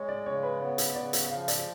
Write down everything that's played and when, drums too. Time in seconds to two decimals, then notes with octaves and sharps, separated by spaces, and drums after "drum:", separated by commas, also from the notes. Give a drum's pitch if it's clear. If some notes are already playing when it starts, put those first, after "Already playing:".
Already playing: G#3 C#5
0.09 D5
0.26 C#3 C#5
0.43 B4
0.60 B3 C#5
0.78 drum: hi-hat
0.95 C#3 D5
1.13 drum: hi-hat
1.31 F3 F5
1.48 D5, drum: hi-hat